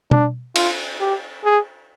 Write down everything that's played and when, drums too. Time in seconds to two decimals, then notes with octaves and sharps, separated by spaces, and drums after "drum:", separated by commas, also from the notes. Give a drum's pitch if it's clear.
0.11 D4, drum: tom B2
0.56 F4, drum: cymbal
1.00 G4
1.45 G#4